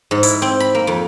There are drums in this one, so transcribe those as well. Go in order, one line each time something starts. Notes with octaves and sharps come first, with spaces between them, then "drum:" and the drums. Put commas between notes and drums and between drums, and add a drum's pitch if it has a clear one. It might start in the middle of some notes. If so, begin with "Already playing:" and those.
G#2
E4, drum: hi-hat
C4
B5
A#3
F2